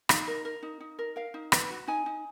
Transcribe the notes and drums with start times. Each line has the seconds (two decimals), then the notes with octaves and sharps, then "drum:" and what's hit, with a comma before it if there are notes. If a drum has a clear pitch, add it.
0.09 D#4 F5, drum: rim click
0.27 A#4
0.45 A#4
0.63 D#4
0.80 D#4
0.99 A#4
1.16 A#4 F5
1.34 D#4
1.52 B4, drum: rim click
1.70 F#4
1.88 D#4 G#5
2.06 D#4